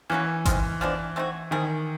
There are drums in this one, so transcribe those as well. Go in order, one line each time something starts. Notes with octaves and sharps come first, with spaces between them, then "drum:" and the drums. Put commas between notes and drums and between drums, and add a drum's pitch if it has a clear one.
E3 A#3 C#4 F#4 B4
D#3 G#3 C4 F4, drum: kick G#1, hi-hat
F3 G#3 B3 D4
A3 C4 D#4 F#4
D#3 G3 C4 E4 G#4